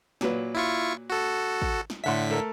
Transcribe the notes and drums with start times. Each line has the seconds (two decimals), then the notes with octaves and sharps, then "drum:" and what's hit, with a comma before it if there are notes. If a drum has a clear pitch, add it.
0.21 A#2 F#3 B4, drum: snare
0.55 E4 F4 C#6
1.10 F#4 A4
1.62 drum: kick
1.90 drum: snare
2.04 A2 D3 E5 F#5 C6 B6
2.30 A3 A4 A#4